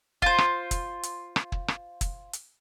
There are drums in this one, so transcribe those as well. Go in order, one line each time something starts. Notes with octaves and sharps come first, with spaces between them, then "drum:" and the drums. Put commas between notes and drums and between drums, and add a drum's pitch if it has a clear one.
F4 C5, drum: kick
drum: rim click
drum: kick, hi-hat
drum: hi-hat
drum: rim click
drum: kick
drum: rim click
drum: kick, hi-hat
drum: hi-hat